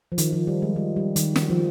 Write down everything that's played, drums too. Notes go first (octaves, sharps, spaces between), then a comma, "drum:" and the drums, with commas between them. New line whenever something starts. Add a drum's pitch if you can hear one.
F3
D#3, drum: hi-hat
F3
G3
G#3
G3
G3
D#3, drum: hi-hat
D#3, drum: snare
F3